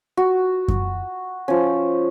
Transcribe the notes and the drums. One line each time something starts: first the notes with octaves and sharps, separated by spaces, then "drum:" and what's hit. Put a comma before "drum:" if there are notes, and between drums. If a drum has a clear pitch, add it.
F#4
drum: kick F#2
F3 C#4